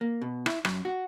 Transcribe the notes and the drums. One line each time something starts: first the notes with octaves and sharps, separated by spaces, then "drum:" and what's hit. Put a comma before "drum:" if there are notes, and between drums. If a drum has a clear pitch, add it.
A#3
B2
E4, drum: rim click
F#2, drum: rim click
F#4